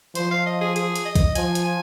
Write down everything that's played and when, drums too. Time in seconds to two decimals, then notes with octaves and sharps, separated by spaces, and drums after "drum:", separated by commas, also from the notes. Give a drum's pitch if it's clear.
0.15 F3 C5, drum: hi-hat
0.31 F5
0.46 D#5
0.61 G#4
0.76 G#4, drum: hi-hat
0.96 drum: hi-hat
1.05 D#5
1.15 drum: kick, hi-hat
1.35 F3 G#5, drum: hi-hat
1.55 drum: hi-hat
1.65 G#5